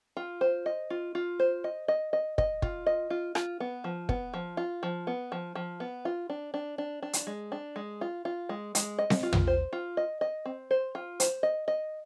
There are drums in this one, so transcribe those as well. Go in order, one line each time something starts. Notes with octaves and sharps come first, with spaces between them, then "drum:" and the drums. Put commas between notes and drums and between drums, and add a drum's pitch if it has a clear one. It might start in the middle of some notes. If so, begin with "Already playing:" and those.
F4
C5
D#5
F4
F4
C5
D#5
D#5
D#5
D#5, drum: kick
F4, drum: kick
D#5
F4
F4, drum: rim click
B3
F3
B3, drum: kick
F3
F4
F3
B3
F3
F3
B3
F4
D4
D4
D4
D4
drum: hi-hat
G#3
D4
G#3
F4
F4
G#3
G#3, drum: hi-hat
D#5
drum: snare C4
F4
drum: tom
C5
F4
D#5
D#5
C4
C5
F4
C5, drum: hi-hat
D#5
D#5